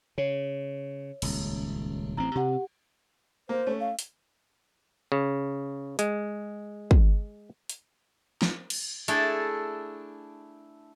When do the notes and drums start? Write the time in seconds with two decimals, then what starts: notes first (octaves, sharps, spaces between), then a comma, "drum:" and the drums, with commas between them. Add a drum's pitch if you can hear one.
0.18 C#3 C#5
1.22 D#1 C#2, drum: cymbal
2.17 A1 C4 A#5
2.35 C3 G4 F#5
3.49 A#3 C5
3.67 A3 C#4
3.80 F5
3.99 drum: hi-hat
5.12 C#3
5.99 G#3, drum: hi-hat
6.91 drum: kick
7.69 drum: hi-hat
8.42 drum: snare
8.70 drum: cymbal
9.08 A3 D4 E4 G#4 A4, drum: hi-hat